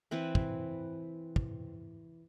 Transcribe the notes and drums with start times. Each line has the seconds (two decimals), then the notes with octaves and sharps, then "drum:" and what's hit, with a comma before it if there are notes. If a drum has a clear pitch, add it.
0.11 E3 C4 B4
0.35 drum: kick
1.36 drum: kick